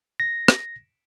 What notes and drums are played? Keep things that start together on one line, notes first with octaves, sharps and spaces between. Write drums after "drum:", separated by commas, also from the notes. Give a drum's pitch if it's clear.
A#6
drum: rim click